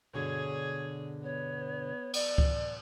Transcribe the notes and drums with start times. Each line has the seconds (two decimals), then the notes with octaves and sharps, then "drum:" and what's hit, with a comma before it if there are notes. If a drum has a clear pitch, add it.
0.14 G2 B2 D3 G#4 C#5
1.23 B3 C#5
2.14 D5, drum: cymbal
2.38 drum: kick C#2